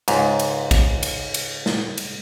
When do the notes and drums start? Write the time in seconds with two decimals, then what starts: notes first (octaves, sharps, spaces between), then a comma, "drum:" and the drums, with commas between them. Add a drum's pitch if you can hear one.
0.08 C#2 G#2, drum: cymbal
0.39 drum: cymbal
0.71 drum: kick, cymbal
1.03 drum: cymbal
1.34 drum: cymbal
1.66 drum: snare
1.98 drum: cymbal